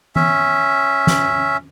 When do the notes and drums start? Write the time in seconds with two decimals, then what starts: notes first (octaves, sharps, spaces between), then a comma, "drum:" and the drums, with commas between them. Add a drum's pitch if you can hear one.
0.16 C#4 E5, drum: tom E3
1.07 drum: snare